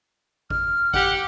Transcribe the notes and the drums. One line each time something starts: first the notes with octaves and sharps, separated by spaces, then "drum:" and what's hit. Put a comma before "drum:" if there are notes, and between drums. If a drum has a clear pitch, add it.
F6, drum: kick
G4 F#5, drum: kick